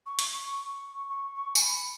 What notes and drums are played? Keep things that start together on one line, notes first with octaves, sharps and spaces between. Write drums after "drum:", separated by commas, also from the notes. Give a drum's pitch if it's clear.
C#6
drum: hi-hat
C#6
C#6
C#6
G#5, drum: tambourine
B5